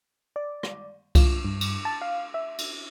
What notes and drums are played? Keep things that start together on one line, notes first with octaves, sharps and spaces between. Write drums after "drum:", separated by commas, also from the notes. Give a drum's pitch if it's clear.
D5
drum: rim click
F4, drum: kick C2, cymbal
G2
drum: cymbal
A5
F5
E5
drum: cymbal